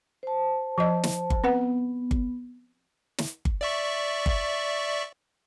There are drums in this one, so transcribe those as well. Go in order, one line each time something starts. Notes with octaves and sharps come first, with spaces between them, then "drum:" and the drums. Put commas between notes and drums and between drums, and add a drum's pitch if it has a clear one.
C5 A5
F3 D#5
drum: snare
drum: kick G1
B3 C4 B4 F#5
drum: kick G1
drum: snare
drum: kick G1
D5 E5 C#6
drum: kick G1